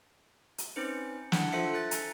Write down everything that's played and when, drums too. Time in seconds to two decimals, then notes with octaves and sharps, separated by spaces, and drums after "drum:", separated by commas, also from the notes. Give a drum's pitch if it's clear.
0.58 drum: hi-hat
0.76 C4 C#4 D#4 B4 C5 C#7
1.32 D4 E4 F#5, drum: snare
1.52 F4 A4 C5 E5 B6 C#7
1.73 A4 F#6 A6
1.91 G#5 A#5, drum: hi-hat